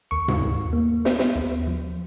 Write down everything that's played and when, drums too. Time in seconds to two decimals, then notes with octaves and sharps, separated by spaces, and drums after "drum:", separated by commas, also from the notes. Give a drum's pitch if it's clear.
0.11 D#2 C#6
0.28 drum: tom G#2
0.42 D#2
0.73 A#3
1.05 B3, drum: snare
1.19 drum: snare
1.36 D#2
1.67 F3